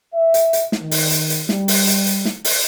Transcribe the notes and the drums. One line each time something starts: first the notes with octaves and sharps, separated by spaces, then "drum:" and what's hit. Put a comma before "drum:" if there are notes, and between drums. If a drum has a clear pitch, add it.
E5
drum: hi-hat
drum: hi-hat
drum: snare
D#3
drum: open hi-hat
drum: hi-hat
drum: hi-hat
G3, drum: snare
drum: open hi-hat
drum: hi-hat
drum: hi-hat
drum: snare
drum: open hi-hat